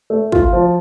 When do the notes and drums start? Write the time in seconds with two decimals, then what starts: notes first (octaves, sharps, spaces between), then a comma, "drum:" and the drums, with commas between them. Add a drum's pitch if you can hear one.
0.10 A3
0.32 F4, drum: kick
0.53 F3